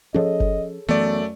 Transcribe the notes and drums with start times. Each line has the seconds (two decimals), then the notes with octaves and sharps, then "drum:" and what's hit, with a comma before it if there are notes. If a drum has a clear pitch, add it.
0.14 F3 C#4 G#4 A4 C#5 D#5
0.40 drum: kick F#1
0.89 F#2 E3 A3 B3 D5